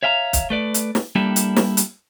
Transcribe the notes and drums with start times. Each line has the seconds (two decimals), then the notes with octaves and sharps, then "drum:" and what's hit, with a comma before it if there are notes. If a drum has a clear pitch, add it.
0.03 C#5 E5 F5 G5 A#5
0.33 drum: kick, hi-hat
0.50 A3 B4 D5
0.74 drum: hi-hat
0.95 drum: snare
1.15 G3 A#3 D4 E4 G4 A4
1.36 drum: hi-hat
1.56 drum: snare
1.77 drum: hi-hat